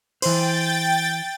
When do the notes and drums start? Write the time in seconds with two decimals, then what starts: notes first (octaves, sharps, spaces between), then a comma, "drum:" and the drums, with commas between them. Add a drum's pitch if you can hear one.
0.22 E3 C5 G5 A6, drum: cymbal